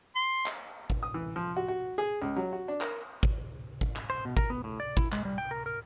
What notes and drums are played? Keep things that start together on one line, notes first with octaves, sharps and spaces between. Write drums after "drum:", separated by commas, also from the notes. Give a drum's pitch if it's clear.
C6
drum: clap
drum: kick
D#6
E3
F3
F#4
F#4
G#4
C#2
F#3
F#4
D4
A#4, drum: clap
drum: kick
drum: kick
drum: clap
C5
B2
A#4, drum: kick
B3
A2
D5
E4, drum: kick
G#3, drum: clap
G3
G5
A#4
A#4